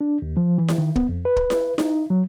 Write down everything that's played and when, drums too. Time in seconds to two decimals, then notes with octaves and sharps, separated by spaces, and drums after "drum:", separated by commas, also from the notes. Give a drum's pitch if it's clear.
0.01 D4
0.22 D#2
0.37 F3
0.58 E3
0.68 drum: snare E4
0.78 D#3
0.96 B3, drum: kick
1.09 F2
1.25 B4
1.36 drum: kick
1.50 drum: snare E4
1.78 D#4, drum: snare E4
2.10 F#3